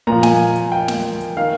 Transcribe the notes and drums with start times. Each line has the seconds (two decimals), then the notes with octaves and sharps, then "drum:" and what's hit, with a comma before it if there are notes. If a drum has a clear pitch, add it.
0.07 A#2 F3 A#5
0.23 G#5, drum: snare
0.56 drum: hi-hat
0.72 G5
0.88 drum: snare
1.21 drum: hi-hat
1.37 D#3 F5